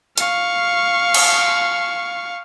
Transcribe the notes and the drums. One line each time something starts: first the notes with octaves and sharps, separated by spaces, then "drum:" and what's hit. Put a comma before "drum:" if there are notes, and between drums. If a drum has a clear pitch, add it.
F5 C#6, drum: hi-hat
drum: cymbal